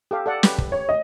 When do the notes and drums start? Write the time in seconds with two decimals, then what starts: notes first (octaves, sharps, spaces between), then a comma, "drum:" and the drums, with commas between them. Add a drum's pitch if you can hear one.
0.11 G4 A4 F5
0.26 A4 D5 F#5
0.43 G4 B4, drum: snare
0.58 drum: kick
0.72 C#5
0.89 D#5